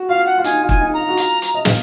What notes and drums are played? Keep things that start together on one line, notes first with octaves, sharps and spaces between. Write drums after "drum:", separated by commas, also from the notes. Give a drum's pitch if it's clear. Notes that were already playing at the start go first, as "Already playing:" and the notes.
Already playing: F#4
F4 F5
F#5
F4
D#4 G#5, drum: hi-hat
F4
G#5, drum: kick
D#4
A#5
F4
F#4
F4, drum: hi-hat
drum: hi-hat
D#5
F5, drum: snare